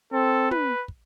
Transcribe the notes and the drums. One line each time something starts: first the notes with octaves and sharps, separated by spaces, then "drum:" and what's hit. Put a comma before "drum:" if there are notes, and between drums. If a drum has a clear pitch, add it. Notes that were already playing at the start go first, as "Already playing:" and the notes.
C4 A4
B4, drum: tom
drum: kick